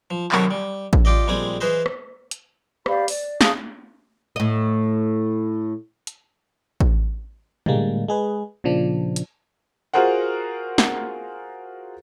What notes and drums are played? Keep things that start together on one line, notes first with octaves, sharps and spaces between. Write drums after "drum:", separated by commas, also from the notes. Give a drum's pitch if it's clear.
F3
C3 D#3 F#3 F#4 A4, drum: clap
G3
drum: kick A1
F4 G4 D5 D#5
A#1 G3 G#3 C4 G#5 D#6
E3 G#4 B4 C5 D#5
drum: rim click
drum: hi-hat
G4 D5 F5 B5, drum: rim click
D5, drum: open hi-hat
G#4 F5 A5 D#6, drum: snare
A2 D#5
drum: hi-hat
drum: kick A1
A2 D3 G3 G#3 A#3, drum: tom
G#3 G#4 B4
A#2 C#3 F3 D4
drum: hi-hat
F4 F#4 G#4 A#4 C5 F#5
drum: snare